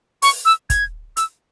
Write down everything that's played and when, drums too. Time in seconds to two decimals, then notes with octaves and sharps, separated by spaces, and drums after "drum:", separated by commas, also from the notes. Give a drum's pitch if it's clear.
0.22 C#6, drum: open hi-hat
0.45 E6
0.70 G#6, drum: kick, hi-hat
1.17 E6, drum: hi-hat